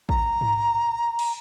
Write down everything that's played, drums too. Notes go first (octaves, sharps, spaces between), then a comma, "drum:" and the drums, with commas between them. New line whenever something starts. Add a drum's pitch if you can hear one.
A#5, drum: kick
drum: tom G#2
drum: cymbal